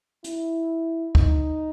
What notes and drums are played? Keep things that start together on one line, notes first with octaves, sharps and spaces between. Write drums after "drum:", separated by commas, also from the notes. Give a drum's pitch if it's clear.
E4, drum: hi-hat
D#4, drum: kick